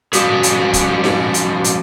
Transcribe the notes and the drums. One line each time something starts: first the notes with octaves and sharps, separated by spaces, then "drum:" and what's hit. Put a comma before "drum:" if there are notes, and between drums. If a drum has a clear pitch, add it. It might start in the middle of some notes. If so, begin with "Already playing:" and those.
F3 G#3 A3 C#4 F#4 G#4, drum: hi-hat
drum: hi-hat
drum: kick, hi-hat
drum: snare D#4
drum: hi-hat
drum: hi-hat